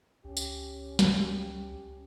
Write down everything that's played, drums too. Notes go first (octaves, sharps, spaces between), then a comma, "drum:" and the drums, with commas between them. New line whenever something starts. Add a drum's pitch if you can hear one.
C#2 C#4 G4
drum: tambourine
drum: snare